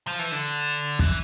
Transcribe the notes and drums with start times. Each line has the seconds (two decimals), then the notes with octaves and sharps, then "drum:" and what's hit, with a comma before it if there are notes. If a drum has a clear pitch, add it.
0.07 F3
0.19 E3
0.32 D3
0.99 E3, drum: kick